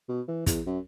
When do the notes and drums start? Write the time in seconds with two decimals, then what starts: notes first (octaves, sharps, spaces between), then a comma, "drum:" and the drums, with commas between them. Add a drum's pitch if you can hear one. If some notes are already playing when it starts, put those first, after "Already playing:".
0.09 B2
0.28 E3
0.46 E2, drum: kick, hi-hat
0.66 F#2